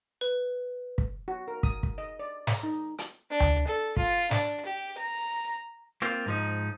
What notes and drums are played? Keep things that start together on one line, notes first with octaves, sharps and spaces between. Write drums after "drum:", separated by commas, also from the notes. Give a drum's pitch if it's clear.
B4
drum: kick
F#4
A#4
D#6, drum: kick
drum: kick
D#5
D5
A#5, drum: snare
D#4
drum: hi-hat
D4
drum: tom D2
A4
F4, drum: kick
D4, drum: snare
G4
A#5
A#3 C4 F4
G#2 F3 D#4